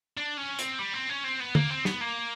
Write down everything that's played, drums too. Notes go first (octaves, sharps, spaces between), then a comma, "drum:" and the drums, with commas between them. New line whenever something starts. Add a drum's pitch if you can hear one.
D4
C#4
C4, drum: hi-hat
G3
C4
C#4
C4
B3
A#3, drum: tom D3
C4
B3, drum: snare
A#3